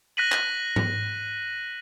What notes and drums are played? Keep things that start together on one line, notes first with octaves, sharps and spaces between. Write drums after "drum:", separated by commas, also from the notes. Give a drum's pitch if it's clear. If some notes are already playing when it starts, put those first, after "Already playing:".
F#6 A#6 B6 D#7 F#7
drum: clap
drum: tom G#2